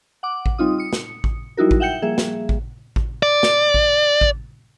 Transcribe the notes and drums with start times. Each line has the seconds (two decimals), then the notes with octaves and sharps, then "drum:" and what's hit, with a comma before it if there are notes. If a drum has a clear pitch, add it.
0.23 F#5 D6
0.46 drum: kick A1
0.58 G3 C4 D#4 F4 D#6
0.78 D#6 C#7
0.93 drum: snare
1.24 drum: kick A1
1.57 F#3 G3 D#4 E4 F#4 A#4
1.71 drum: kick A1
1.80 E5 F#5 G5 G6 C#7
2.02 F3 G3 A#3 G#4 E5
2.18 drum: snare
2.49 drum: kick A1
2.96 drum: kick A1
3.23 D5
3.43 drum: snare
3.74 drum: kick A1
4.21 drum: kick A1